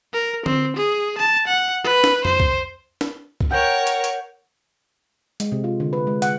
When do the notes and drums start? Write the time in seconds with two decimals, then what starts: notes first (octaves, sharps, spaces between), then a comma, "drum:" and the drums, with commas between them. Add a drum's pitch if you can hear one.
0.13 A#4
0.46 C4, drum: tom D3
0.77 G#4
1.18 A5
1.48 F#5
1.84 B4
2.04 drum: snare
2.25 C5, drum: tom F2
2.40 drum: kick
3.01 drum: snare
3.41 drum: kick
3.51 A#4 C#5 F#5 G5
3.87 drum: hi-hat
4.04 drum: hi-hat
5.40 G#3, drum: hi-hat
5.52 C3
5.64 F4
5.80 D3
5.93 B4
6.07 G#3
6.22 F#5, drum: hi-hat